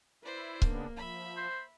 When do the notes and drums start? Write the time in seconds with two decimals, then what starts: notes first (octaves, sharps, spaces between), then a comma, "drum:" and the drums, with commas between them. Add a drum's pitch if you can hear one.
0.24 E4 B4 C5 D5
0.62 C#3 A#3 B3 D4, drum: kick C#1
0.96 F3 E5 B5
1.37 C5